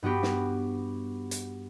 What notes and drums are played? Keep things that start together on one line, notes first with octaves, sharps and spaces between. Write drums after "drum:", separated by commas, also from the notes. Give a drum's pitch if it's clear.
G2 B3 F#4 G4
drum: snare
drum: hi-hat